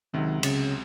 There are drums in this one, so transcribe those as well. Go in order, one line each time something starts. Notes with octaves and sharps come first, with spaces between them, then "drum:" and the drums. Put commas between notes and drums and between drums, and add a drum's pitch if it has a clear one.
C#2 C3 D#3 F#3
C#3, drum: cymbal